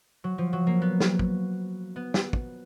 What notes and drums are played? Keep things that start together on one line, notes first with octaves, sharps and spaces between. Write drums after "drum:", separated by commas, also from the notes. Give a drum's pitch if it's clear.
F#3
F3
F#3
A#3
B3
drum: snare
drum: kick
B3
drum: snare
drum: kick